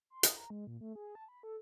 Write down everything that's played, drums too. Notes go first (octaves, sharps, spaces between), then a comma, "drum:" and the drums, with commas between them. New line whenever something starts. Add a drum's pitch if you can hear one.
C6
D#6, drum: hi-hat
A#5
G#3
A#2
A3
G#4
A5
B5
A4